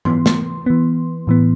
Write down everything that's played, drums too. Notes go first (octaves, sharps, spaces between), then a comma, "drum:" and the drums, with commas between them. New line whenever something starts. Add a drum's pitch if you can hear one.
E3 B3 C6, drum: tom G#2
drum: snare
E3 B3
A2 E3 B3